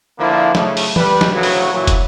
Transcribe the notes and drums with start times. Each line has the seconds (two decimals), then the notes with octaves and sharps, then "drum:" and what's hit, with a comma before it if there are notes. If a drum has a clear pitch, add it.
0.18 D3 F3 A#3 D4 E4
0.55 C#3 A3, drum: snare
0.77 drum: open hi-hat
0.96 G3 B4, drum: tom
1.21 drum: snare
1.33 D2 A2 C#3 F#3
1.43 drum: open hi-hat
1.72 A#2 E3 F#3
1.87 drum: kick, hi-hat